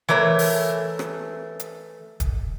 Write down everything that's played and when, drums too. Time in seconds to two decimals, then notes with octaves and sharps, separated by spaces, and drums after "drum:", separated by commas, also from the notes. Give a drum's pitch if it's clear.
0.09 E3 A3 A#4 C#5
0.39 drum: open hi-hat
0.99 drum: rim click
1.60 drum: hi-hat
2.20 drum: kick, hi-hat